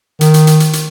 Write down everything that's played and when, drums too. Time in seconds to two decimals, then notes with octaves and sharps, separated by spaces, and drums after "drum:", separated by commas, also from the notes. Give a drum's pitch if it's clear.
0.21 D#3, drum: hi-hat
0.34 drum: hi-hat
0.47 drum: hi-hat
0.60 drum: hi-hat
0.73 drum: hi-hat